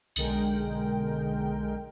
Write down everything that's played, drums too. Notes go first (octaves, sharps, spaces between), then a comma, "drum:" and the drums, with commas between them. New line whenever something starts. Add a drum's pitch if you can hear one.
B1 D3 G#3 A#4 G5, drum: open hi-hat